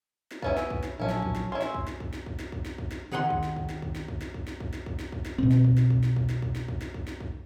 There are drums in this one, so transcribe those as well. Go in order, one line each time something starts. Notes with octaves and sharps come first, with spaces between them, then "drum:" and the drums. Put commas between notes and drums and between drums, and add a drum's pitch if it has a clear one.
drum: snare
B3 C#4 E4, drum: kick
drum: snare
drum: kick
drum: snare
A#1 F#3 C#4 E4 A5
drum: snare
drum: kick
drum: snare
C#4 E4 C6
drum: snare
drum: kick
drum: snare
drum: kick
drum: snare
drum: kick
drum: snare
drum: kick
drum: snare
drum: kick
drum: snare
D#3 G#4 F#5 B5 C6
drum: kick
drum: snare
drum: kick
drum: snare
drum: kick
drum: snare
drum: kick
drum: snare
drum: kick
drum: snare
drum: kick
drum: snare
drum: kick
drum: snare
drum: kick
drum: snare
B2 C4, drum: kick
drum: snare
drum: kick
drum: snare
drum: kick
drum: snare
drum: kick
drum: snare
drum: kick
drum: snare
drum: kick
drum: snare
drum: kick
drum: snare
drum: kick